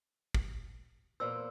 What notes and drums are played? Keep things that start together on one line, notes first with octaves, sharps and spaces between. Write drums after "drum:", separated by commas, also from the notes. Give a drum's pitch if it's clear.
drum: kick
E2 A#2 C5 E6